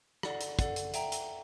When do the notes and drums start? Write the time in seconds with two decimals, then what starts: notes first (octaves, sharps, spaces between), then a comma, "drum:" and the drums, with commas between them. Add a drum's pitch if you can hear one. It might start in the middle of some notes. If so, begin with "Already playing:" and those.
0.23 A4 D5 F#5, drum: rim click
0.41 drum: hi-hat
0.59 A4 D5 F#5, drum: kick, hi-hat
0.76 drum: hi-hat
0.94 E5 G5 A#5, drum: hi-hat
1.12 drum: hi-hat